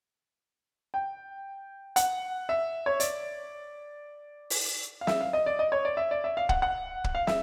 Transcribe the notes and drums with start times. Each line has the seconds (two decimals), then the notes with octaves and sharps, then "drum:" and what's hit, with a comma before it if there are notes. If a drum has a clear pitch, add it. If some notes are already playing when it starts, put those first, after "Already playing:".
0.94 G5
1.96 F#5, drum: hi-hat
2.49 E5
2.86 C#5
3.00 D5, drum: hi-hat
4.50 drum: open hi-hat
5.01 F5
5.07 E5, drum: snare
5.21 F5
5.33 D#5
5.46 D5
5.59 D#5
5.72 C#5
5.85 D5
5.97 E5
6.11 D5
6.24 E5
6.37 F5
6.49 F#5, drum: kick
6.62 F#5
7.04 drum: kick
7.15 F5
7.27 E5, drum: snare